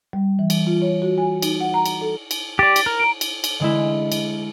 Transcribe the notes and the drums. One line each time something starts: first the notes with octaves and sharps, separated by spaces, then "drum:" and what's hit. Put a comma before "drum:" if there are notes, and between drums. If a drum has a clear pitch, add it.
G3
E3
drum: cymbal
F4
C#5
F#4
G#5
D#4, drum: cymbal
F#5
A#5
drum: cymbal
A4
drum: cymbal
G4 D5 A6 D7
drum: cymbal
A#4
A#5 D7
drum: cymbal
drum: cymbal
D3 G#3 E4
drum: cymbal